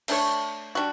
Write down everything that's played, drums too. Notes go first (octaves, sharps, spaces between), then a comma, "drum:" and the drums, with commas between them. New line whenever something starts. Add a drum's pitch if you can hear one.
A3 D4 A4 C#5, drum: cymbal
G3 D4 F#4